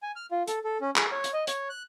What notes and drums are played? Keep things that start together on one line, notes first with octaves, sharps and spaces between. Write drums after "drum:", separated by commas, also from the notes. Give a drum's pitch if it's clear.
G#5
F6
F4
A4, drum: hi-hat
A4
C#4
G#4, drum: clap
C#5
drum: hi-hat
D#5
C#5, drum: hi-hat
F#6